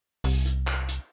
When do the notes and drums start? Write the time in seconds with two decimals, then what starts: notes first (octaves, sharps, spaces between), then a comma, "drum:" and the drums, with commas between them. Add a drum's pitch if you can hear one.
0.24 C2, drum: open hi-hat
0.46 drum: hi-hat
0.67 drum: clap
0.89 drum: hi-hat